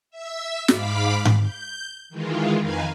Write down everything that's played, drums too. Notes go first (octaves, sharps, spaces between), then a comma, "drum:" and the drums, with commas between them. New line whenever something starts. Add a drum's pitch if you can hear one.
E5 E6
G#2 F5 B5 D6 B6, drum: snare
drum: tom G#2
G6
D#3 E3 G#3 F4
F2 D#3 D#4 B4 F5 G#5